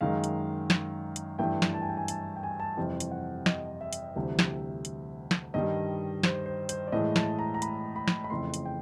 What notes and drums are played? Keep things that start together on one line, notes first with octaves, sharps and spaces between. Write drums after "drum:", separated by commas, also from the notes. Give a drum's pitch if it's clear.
F#2 D#3 G#3 F5
drum: hi-hat
drum: snare
drum: hi-hat
G2 E3 A3 G5
drum: snare
A5
G#5
G5
G#5
A5, drum: hi-hat
G5
G#5
A5
F2 C3 E3 G3 G5
drum: hi-hat
F#5
D#5, drum: snare
E5
drum: hi-hat
D2 C3 E3 G3
drum: snare
drum: hi-hat
drum: snare
G2 D#3 G3 D#5
C5, drum: snare
C5
C5, drum: hi-hat
D5
A2 E3 G#3 D#5
A5, drum: snare
A#5
A#5
B5, drum: hi-hat
B5
drum: snare
B5
F2 C#3 E3 A3 C6
drum: hi-hat
G5